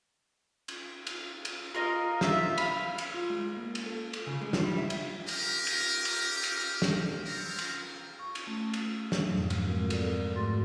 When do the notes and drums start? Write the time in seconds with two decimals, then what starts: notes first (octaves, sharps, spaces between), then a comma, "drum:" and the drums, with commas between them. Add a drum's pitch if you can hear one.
0.68 drum: cymbal
1.07 drum: cymbal
1.45 drum: cymbal
1.74 F4 A#4 D#5 F5
2.21 F4 E5, drum: snare
2.58 F5 B5, drum: cymbal
2.98 drum: cymbal
3.14 F4
3.30 G#3
3.57 A#3
3.75 drum: cymbal
3.86 A4
4.13 drum: cymbal
4.27 C#3
4.41 G#3
4.53 F4, drum: snare
4.65 G3
4.78 E5
4.90 drum: cymbal
5.28 G4 A#4, drum: cymbal
5.67 drum: cymbal
6.05 drum: cymbal
6.43 drum: cymbal
6.82 drum: snare
7.26 B3 C4 A#4
7.59 drum: cymbal
8.19 C#6
8.35 drum: cymbal
8.47 A3 C#4
8.74 drum: cymbal
9.12 drum: snare
9.28 F2 G#2 B2 D3 F3 F#3
9.50 drum: cymbal
9.67 G#3 C4 F#4 A#4
9.90 A4 A#4 D5, drum: cymbal
10.36 G#2 A3 F#4 C6 A6